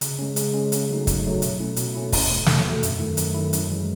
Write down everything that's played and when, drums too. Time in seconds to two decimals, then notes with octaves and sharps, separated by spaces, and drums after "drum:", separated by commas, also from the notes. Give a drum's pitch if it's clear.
0.01 C#3, drum: hi-hat
0.19 G#3 C#4
0.36 C#3, drum: hi-hat
0.53 G#3 C#4
0.72 C#3, drum: hi-hat
0.89 F#3 A3 D#4
1.07 C#3, drum: kick, hi-hat
1.24 F#3 A3 D#4
1.42 B2, drum: hi-hat
1.60 A3 C#4 E4
1.76 B2, drum: hi-hat
1.95 A3 C#4 E4
2.12 E2, drum: kick, open hi-hat
2.29 B2 A3
2.46 E2, drum: snare
2.64 B2 A3
2.83 F#2, drum: hi-hat
2.99 D#3 A3 E4
3.17 F#2, drum: hi-hat
3.34 D#3 A3 E4
3.53 F#2, drum: hi-hat
3.70 E3 G#3